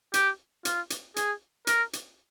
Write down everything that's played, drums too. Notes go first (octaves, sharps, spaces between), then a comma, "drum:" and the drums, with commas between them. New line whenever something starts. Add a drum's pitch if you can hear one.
G4, drum: hi-hat
F4, drum: hi-hat
drum: hi-hat
G#4, drum: hi-hat
A#4, drum: hi-hat
drum: hi-hat